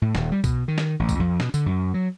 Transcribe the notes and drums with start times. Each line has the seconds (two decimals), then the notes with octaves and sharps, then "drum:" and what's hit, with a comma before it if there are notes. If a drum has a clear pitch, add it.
0.02 A2
0.15 D#1, drum: snare
0.32 G3
0.44 B2, drum: kick B1, tambourine
0.68 D#3
0.78 drum: snare
0.99 A1
1.09 drum: kick B1, tambourine
1.20 F2
1.40 B2, drum: snare
1.54 D3, drum: tambourine
1.66 F#2
1.94 F#3